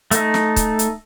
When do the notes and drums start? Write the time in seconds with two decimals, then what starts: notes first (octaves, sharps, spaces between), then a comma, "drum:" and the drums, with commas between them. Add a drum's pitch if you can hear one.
0.11 A3 D#4, drum: hi-hat
0.34 drum: snare
0.56 drum: kick, hi-hat
0.79 drum: hi-hat